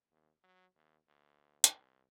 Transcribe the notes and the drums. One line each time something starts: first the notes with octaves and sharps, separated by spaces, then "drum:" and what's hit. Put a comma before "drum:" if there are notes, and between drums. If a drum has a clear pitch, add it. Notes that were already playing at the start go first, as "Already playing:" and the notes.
D#2
F#3
D#2
D2
C2, drum: hi-hat